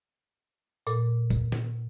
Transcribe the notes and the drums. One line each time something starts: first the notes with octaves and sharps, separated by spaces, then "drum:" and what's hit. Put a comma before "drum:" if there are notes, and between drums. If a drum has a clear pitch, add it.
A#2 A4, drum: tambourine
drum: kick, tambourine
drum: snare